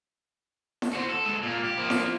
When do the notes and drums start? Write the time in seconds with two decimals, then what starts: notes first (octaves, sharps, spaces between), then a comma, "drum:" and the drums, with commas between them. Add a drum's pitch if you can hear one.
0.82 drum: snare E4
0.93 F#4 C5
1.09 A4
1.25 G#3 A4
1.43 A#2 A#3
1.63 G4
1.78 F3 A#3
1.90 drum: snare E4